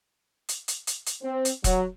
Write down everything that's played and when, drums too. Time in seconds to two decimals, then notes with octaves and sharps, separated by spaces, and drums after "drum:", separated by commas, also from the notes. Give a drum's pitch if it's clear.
0.49 drum: hi-hat
0.68 drum: hi-hat
0.87 drum: hi-hat
1.06 drum: hi-hat
1.23 C4
1.45 drum: hi-hat
1.64 F#3, drum: kick E1, hi-hat